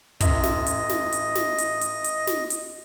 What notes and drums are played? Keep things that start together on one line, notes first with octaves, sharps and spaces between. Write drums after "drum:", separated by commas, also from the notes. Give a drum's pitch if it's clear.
A1 D#5 E5, drum: kick, hi-hat
drum: snare
drum: hi-hat
drum: snare
drum: hi-hat
drum: snare
drum: hi-hat
drum: hi-hat
drum: hi-hat
drum: snare
drum: hi-hat